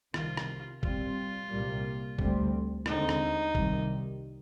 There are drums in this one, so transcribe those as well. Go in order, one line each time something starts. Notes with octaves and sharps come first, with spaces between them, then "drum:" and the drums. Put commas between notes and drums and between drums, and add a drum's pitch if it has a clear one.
C2 C3 D#3 F4, drum: rim click
drum: rim click
A#2 G3 C4 F4, drum: kick
C2 A#2 G3 A#3
D2 D3 G3 C4, drum: kick
D#2 D3 G#3 C4 D#4, drum: rim click
drum: rim click
C2 C3 D#3 G3, drum: kick